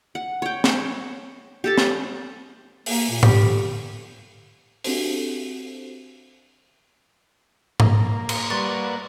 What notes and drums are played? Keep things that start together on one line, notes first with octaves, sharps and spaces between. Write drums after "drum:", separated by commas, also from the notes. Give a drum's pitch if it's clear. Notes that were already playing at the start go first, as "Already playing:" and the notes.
F#5
C#5 G5
C#5, drum: snare
G4 A4 A5
drum: snare
A#3, drum: open hi-hat
A#2
B3 G4, drum: tom G#2
D3
C4 D4 F#4 G4 A4 C5, drum: open hi-hat
A#3, drum: tom G#2
drum: cymbal
G3 B4 D5 F#5 C6 C#6 A6